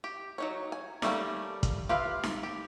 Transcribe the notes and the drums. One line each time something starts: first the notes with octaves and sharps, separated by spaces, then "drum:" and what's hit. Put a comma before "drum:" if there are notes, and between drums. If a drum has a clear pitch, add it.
G4
F#3 D#4 C#5
G#5
G3 A3 A#3 C#4, drum: snare D#4
drum: kick, hi-hat
F4 G4 B4 E5 F5
drum: snare D#4
G4